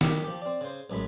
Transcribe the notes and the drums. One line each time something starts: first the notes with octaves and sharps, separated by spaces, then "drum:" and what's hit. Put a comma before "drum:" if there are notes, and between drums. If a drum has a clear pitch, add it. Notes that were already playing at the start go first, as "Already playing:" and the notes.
D#3 G4 D#5 B5, drum: snare
F3 G4
C4 D5
C#3 C5
A1 F#2 G#3 B5